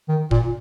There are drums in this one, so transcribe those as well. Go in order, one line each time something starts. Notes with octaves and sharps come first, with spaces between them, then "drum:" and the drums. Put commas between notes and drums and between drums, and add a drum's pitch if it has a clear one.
D#3
A#2, drum: kick G#1